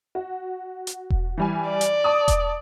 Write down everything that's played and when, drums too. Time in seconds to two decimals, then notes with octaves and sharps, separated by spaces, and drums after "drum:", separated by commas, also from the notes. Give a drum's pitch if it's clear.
0.15 F#4
0.87 drum: hi-hat
1.10 drum: kick E1
1.37 E3 G3 G#5
1.69 D5
1.81 drum: hi-hat
2.04 A5 D6 D#6
2.28 drum: kick E1, hi-hat